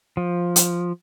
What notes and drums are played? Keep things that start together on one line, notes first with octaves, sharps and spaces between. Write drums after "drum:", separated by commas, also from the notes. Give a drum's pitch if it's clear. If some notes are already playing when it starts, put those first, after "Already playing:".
F3
drum: hi-hat